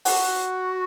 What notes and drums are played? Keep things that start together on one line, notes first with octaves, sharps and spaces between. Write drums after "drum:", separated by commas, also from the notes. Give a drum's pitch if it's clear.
F#4, drum: open hi-hat